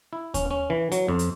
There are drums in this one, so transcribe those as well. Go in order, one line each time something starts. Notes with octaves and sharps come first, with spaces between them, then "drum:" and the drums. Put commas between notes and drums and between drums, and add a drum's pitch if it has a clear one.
E4
C#4, drum: kick D#2, hi-hat
C#4
E3
F#3, drum: hi-hat
F2
drum: hi-hat